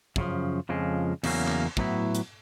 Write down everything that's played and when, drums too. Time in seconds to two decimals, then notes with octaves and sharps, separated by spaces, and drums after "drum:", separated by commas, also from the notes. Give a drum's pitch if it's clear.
0.16 F#2 C#3 F3, drum: kick
0.69 F2 C#3 F3 G#3
1.23 E2 C#3 F#3 A#3 C#4, drum: cymbal
1.47 drum: clap
1.77 A2 F#3 B3 E4, drum: kick
2.15 drum: hi-hat